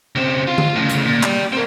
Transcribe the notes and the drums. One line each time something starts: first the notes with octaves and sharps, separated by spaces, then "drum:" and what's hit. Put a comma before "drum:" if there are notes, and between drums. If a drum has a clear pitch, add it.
C#3 C4
F4
drum: tom D3
A2 C#3
drum: hi-hat
A#2
G4 D5, drum: clap
C4 A#4